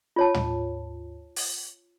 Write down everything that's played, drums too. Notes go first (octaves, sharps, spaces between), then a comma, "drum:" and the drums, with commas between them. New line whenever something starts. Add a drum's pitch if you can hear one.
F4 C#5 A5
drum: tom
drum: open hi-hat